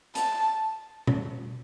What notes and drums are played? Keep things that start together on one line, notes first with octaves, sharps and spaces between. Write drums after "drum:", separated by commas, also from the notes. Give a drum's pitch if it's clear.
A5, drum: hi-hat
drum: tom B2